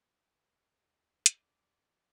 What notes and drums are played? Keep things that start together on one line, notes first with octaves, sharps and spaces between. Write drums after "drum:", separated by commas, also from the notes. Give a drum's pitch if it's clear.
D#2 A3
D5, drum: hi-hat